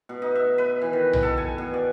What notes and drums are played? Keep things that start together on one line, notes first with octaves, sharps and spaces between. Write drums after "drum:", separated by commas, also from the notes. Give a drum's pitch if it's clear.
B2
D#4
E5
B4
E3
D#3
drum: tom B1
A4
G#5
B2
D5